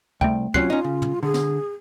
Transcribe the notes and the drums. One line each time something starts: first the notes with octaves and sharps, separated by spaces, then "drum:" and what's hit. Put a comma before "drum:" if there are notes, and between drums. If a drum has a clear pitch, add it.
C2 A3 G5, drum: kick
C3 F#3 C#4 F4 F#6 C7, drum: kick
C#4 D#4
C#3
drum: tom
D3 G#4
drum: snare